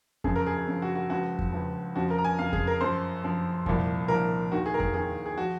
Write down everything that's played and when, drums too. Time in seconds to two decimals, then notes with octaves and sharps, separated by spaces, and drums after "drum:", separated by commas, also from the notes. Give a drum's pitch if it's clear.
0.24 F#2 C#3 F3 G#4, drum: kick F2
0.36 A#4
0.46 G#4
0.57 G#4
0.67 F#2 C#3 F3
0.82 F#4
0.95 F#4
1.10 C#2 C#3 F3 F#4
1.39 drum: kick F2
1.52 C#2 C#3 F3
1.96 F2 C#3 F3 F#4
2.10 A#4
2.18 A#5
2.24 G#5
2.38 F2 C#3 F3 F5
2.53 G#4, drum: kick F2
2.67 A#4
2.81 F#2 F3 C5
3.24 F#2 F3
3.66 C2 A#2 F3, drum: kick F2
4.08 C2 A#2 F3 A#4
4.52 D#2 D#3 F#4
4.66 G#4
4.74 A#4
4.80 G#4, drum: kick F2
4.94 D#2 D#3 G#4
5.26 G#4
5.38 F3 F#4